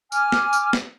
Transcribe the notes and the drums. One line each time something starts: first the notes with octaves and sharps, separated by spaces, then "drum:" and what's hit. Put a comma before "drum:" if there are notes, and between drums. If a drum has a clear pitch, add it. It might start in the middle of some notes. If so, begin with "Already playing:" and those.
G#5 D6 F6, drum: tambourine
drum: snare
drum: tambourine
drum: snare